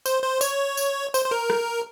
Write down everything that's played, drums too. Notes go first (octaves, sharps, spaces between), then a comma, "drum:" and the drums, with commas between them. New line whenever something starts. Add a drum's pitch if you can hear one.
C5, drum: tambourine
C5
C#5, drum: tambourine
drum: tambourine
C5, drum: tambourine
C5
A#4
drum: rim click